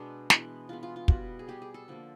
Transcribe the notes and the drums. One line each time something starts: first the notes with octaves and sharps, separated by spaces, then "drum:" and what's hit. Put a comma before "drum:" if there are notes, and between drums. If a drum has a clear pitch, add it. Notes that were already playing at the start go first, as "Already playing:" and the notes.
Already playing: B2 G#3 B3 D4
E3 G#3 B3, drum: snare
E3 G#3 B3 F4
F4
F4
B2 G3 B3 F#4, drum: kick
G#4
B2 G3 B3 G4
G#4
A4
D3 F3 A#3